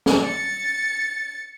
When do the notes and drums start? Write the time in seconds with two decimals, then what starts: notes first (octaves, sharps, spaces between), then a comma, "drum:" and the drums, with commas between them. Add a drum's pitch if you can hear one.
0.06 drum: snare
0.24 A6 C#7